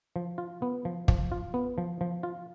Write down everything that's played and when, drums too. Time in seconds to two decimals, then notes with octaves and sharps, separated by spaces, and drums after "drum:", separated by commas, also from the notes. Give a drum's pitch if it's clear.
0.16 F3
0.38 F4
0.62 B3
0.85 F3
1.08 F3, drum: kick
1.32 F4
1.54 B3
1.78 F3
2.01 F3
2.23 F4